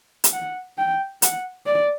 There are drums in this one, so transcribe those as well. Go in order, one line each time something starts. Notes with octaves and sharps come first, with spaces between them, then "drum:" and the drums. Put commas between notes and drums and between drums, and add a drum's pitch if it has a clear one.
drum: hi-hat
F#5
G5
F#5, drum: hi-hat
D5